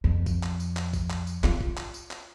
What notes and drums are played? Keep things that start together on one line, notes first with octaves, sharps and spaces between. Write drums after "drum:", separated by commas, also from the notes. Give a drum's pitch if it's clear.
F2
drum: kick A#1, tambourine
drum: clap
drum: tambourine
drum: clap
drum: kick A#1, tambourine
drum: clap
drum: tambourine
F4, drum: clap
drum: kick A#1
drum: clap
drum: tambourine
drum: clap